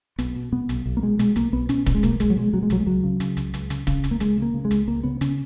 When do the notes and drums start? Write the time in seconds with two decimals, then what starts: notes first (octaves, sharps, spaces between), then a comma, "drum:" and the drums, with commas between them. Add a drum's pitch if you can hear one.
0.19 B1 B3, drum: hi-hat
0.36 B2
0.52 B2 B3
0.69 B1, drum: hi-hat
0.86 B1
0.97 A#3
1.02 B2 G#3
1.19 B2 G#3, drum: hi-hat
1.36 B1 A#3, drum: hi-hat
1.53 B1 B3
1.69 B2 C#4, drum: hi-hat
1.86 B2, drum: kick, hi-hat
1.94 G#3
2.03 B1 A#3, drum: hi-hat
2.20 B1 G#3, drum: hi-hat
2.30 F#3
2.36 B2 G#3
2.53 B2 F#3
2.63 G#3
2.70 B1 F#3, drum: hi-hat
2.80 G#3
2.86 C#2 F#3
3.04 C#3
3.20 C#3, drum: hi-hat
3.37 C#2, drum: hi-hat
3.54 C#2, drum: hi-hat
3.70 C#3, drum: hi-hat
3.87 C#3, drum: kick, hi-hat
4.04 C#2, drum: hi-hat
4.11 A#3
4.20 C#2 G#3, drum: hi-hat
4.38 C#3 A#3
4.54 C#3
4.65 G#3
4.71 C#2, drum: hi-hat
4.88 C#2 A#3
5.04 C#3 B3
5.21 C#3 C#4, drum: hi-hat